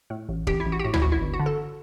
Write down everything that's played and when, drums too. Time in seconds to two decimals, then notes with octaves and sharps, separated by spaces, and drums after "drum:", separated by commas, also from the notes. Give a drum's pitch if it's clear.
0.10 A2
0.29 A1
0.47 A1 G4, drum: kick
0.60 E4
0.66 A1
0.72 F#4
0.79 G4
0.85 A2 F#4
0.94 E4, drum: tom D2
1.02 A1 F#4
1.12 E4
1.21 G1
1.34 F#4
1.40 D3
1.46 A4